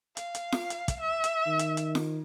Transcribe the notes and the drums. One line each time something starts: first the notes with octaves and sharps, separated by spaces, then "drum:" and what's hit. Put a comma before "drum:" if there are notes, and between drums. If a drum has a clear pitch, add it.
F5, drum: hi-hat
drum: hi-hat
drum: snare
drum: hi-hat
drum: kick, hi-hat
E5
drum: hi-hat
D#3
drum: hi-hat
drum: hi-hat
drum: snare